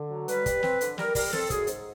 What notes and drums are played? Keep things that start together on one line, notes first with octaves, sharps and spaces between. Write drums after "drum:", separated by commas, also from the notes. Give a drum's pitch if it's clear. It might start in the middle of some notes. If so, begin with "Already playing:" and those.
Already playing: D3
F#3
G3 B4, drum: hi-hat
G3, drum: kick, hi-hat
C4, drum: snare
D3, drum: hi-hat
G3 A#4, drum: snare
G3 A#4, drum: kick, open hi-hat
C4 A4, drum: snare
F#2 G#4, drum: kick, hi-hat
G#2, drum: hi-hat